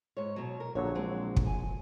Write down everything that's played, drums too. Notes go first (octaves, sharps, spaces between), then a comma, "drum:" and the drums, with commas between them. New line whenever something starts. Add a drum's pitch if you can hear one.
G#2 C#5
B2 F#3
A#4
A#1 D3 F#3 C#5
G#3 C4
drum: kick
G#5